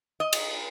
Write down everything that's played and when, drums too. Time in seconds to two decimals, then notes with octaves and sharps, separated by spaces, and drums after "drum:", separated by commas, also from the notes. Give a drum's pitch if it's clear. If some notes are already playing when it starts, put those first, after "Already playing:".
0.20 D#5
0.33 drum: cymbal